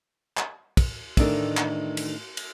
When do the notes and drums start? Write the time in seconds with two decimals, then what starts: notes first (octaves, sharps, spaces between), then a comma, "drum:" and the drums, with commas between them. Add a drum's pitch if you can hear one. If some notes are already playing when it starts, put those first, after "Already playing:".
0.37 drum: clap
0.77 drum: kick, cymbal
1.17 A2 D#3 E3 D4 D#4 A4, drum: kick, cymbal
1.57 drum: clap
1.97 drum: cymbal
2.37 drum: cymbal